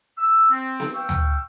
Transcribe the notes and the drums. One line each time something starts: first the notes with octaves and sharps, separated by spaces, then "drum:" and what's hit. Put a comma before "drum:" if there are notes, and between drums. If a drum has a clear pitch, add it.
E6
C4
drum: snare B3
F5 G5 C#6 E6
drum: tom D2